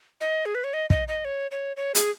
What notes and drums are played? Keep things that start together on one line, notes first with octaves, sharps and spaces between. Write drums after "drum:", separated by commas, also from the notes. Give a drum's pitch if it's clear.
D#5
G#4
B4
C#5
D#5
D#5, drum: kick
D#5
C#5
C#5
C#5
G#4, drum: hi-hat